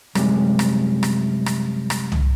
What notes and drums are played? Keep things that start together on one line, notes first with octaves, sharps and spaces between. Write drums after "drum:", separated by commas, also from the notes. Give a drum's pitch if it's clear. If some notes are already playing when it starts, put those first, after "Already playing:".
F#2 C3 G3 G#3, drum: rim click
drum: rim click
drum: rim click
drum: rim click
drum: rim click
drum: tom